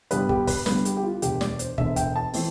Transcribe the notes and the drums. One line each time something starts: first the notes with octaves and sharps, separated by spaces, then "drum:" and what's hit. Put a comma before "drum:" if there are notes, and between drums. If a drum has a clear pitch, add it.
G1 G2 D3 G3 B3 B4, drum: hi-hat
G4, drum: kick
B4, drum: kick, open hi-hat
G1 G2 D3 G3 B3 B4, drum: snare
G4, drum: hi-hat
G4
F4
E1 D2 D3 G4, drum: hi-hat
D5, drum: snare
C5, drum: hi-hat
E1 D2 D3 E5, drum: kick
G5, drum: kick, hi-hat
A5
E3 A3 C4, drum: open hi-hat